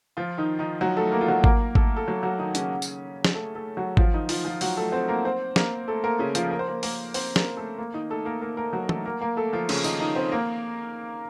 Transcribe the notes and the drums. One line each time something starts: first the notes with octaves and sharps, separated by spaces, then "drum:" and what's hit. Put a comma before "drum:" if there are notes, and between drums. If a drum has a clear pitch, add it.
F3 F4
D#3 D#4
D#3 D#4
F#3 F#4
A3 A4
A#3 A#4
F4
F#3 F#4
A#3 A#4, drum: kick G#1
A3 A4, drum: kick G#1
A4
F#3 F#4
F#3 F#4
D#3 D#4
C#3 C#4, drum: hi-hat
drum: tambourine
drum: snare
A3 A4
A3 A4
F#3 F#4
F3 F4, drum: kick G#1
D#3 D#4
F3 F4, drum: open hi-hat
F3 F4
F#3 F#4, drum: open hi-hat
A3 A4
C4 C5
A#3 A#4
C4 C5
A#3 A#4, drum: snare
A3 A4
A#3 A#4
C#3 C#4
F3 F4, drum: hi-hat
A#4
C5
A#3 A#4
A#3 A#4, drum: open hi-hat
C4 C5, drum: open hi-hat
A#3 A#4, drum: snare
A3 A4
A#3
D#3 D#4
A3 A4
A#3 A#4
A#3 A#4
A#3 A#4
F#3 F#4
A3 A4, drum: tom
A#3 A#4
A#3 A#4
A3 A4
F3 F4
C#3 C#4, drum: cymbal
D#3 D#4, drum: tambourine
D#3 D#4
C4 C5
A#3 A#4